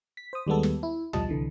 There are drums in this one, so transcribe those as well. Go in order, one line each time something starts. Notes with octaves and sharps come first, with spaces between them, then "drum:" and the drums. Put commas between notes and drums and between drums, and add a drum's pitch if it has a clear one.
B6
C5 D#6
D#2 G3 G#3 B3 A4
drum: snare
E4
B1 F3 G3 D#5 A5, drum: tom D2
C2 D3 E3